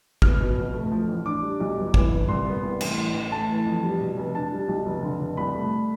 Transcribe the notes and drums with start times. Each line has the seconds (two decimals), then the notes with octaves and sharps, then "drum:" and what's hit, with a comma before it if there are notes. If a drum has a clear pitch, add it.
0.22 B3 F6, drum: kick
0.40 B2
0.57 F1
0.74 A3
0.92 F3
1.08 A1
1.26 D4 D6
1.42 G3
1.60 B1
1.78 G1
1.94 E3, drum: kick
2.12 G1
2.28 C2 C6
2.46 B3
2.63 C2
2.81 A1, drum: cymbal
2.98 E3
3.14 A1
3.31 A3 A5
3.49 E3
3.65 F2
3.84 G3
4.01 B2
4.17 F1
4.35 D4 A5
4.52 G3
4.68 B1
4.86 F1
5.03 D3
5.20 F1
5.37 C2 B5
5.55 A3